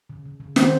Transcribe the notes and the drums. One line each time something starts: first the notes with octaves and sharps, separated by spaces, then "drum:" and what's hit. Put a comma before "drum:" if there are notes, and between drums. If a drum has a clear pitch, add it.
C#3
C#3
C#3
D#3 C4 C5, drum: snare